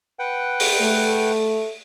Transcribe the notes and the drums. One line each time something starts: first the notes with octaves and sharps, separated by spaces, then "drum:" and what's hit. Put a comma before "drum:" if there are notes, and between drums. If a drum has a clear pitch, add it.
B4 F#5 G5
drum: open hi-hat
A3